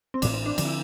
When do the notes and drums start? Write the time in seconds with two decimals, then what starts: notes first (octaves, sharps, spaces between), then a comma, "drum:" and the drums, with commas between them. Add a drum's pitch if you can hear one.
0.14 C4
0.22 A1 A2 E3 D4, drum: cymbal
0.34 C4
0.46 D4
0.58 D3 F3 D4, drum: cymbal
0.65 E4